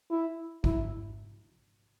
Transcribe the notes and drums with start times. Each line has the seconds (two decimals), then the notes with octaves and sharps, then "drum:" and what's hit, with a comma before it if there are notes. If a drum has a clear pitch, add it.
0.11 E4
0.64 E4, drum: kick G#1